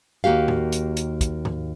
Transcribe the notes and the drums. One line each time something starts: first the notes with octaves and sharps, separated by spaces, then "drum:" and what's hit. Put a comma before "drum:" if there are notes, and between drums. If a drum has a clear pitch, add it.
D#2 A#3 F#4 G4 F5
drum: tom A2
drum: hi-hat
drum: hi-hat
drum: kick, hi-hat
drum: tom